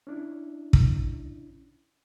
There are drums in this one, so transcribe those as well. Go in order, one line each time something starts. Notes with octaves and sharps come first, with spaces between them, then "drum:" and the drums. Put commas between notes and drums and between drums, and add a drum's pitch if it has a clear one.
C#4 D4 E4
drum: kick